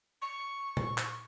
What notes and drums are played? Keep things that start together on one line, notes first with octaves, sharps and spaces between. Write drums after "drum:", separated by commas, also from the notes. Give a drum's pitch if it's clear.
C#6
drum: tom A#2
drum: clap